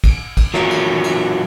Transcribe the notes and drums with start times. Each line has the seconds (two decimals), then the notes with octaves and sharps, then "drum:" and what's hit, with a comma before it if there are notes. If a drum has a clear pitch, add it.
0.04 drum: kick, cymbal
0.37 drum: kick, cymbal
0.54 F#3 F4 A#4, drum: rim click
0.70 drum: cymbal
1.04 drum: cymbal